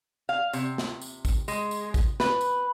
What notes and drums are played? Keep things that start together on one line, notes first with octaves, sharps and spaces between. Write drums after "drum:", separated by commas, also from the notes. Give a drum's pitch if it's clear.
F5
C3, drum: tambourine
drum: snare
drum: tambourine
drum: kick, tambourine
G#3, drum: tambourine
drum: tambourine
drum: kick, tambourine
B4, drum: snare
drum: tambourine